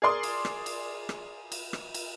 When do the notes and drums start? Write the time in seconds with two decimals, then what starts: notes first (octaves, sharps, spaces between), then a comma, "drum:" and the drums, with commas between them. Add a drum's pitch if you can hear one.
0.02 G#4 A#4 D5 C6 D#6
0.23 drum: cymbal
0.45 drum: rim click
0.66 drum: cymbal
1.09 drum: rim click
1.52 drum: cymbal
1.73 drum: rim click
1.94 drum: cymbal